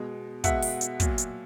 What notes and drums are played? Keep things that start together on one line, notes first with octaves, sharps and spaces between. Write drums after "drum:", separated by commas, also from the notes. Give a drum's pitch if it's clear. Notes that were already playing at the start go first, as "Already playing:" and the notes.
Already playing: B2 G#3
B2 G#3 E5 F#5, drum: kick, hi-hat
drum: open hi-hat
drum: hi-hat
A#2 F#3, drum: kick, hi-hat
drum: hi-hat